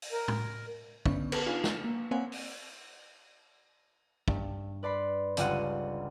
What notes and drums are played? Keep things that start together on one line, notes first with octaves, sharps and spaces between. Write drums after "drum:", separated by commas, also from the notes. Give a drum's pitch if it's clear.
drum: open hi-hat
A#4
drum: tom A2
D3 B3 C#4 C#6, drum: kick
B4 A5, drum: cymbal
D4 D#4 F4 F5 G#5
E7, drum: snare
A#3
A#3 C4 C#5 F5 F#5 G#5
drum: open hi-hat
G2, drum: kick
B4 D5 B5 C6
G1 C#2 G3 F4 F#5 D#7, drum: hi-hat